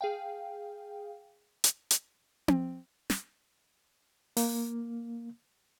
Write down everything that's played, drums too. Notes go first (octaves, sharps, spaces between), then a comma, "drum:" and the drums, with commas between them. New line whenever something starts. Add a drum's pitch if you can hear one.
G#4 F5 G5
drum: hi-hat
drum: hi-hat
drum: tom C4
drum: snare
A#3, drum: open hi-hat